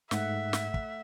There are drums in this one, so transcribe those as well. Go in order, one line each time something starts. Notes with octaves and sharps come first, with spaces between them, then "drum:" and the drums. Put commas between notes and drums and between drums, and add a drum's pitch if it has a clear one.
G#2 A3 E5 F#5, drum: snare
drum: snare
drum: kick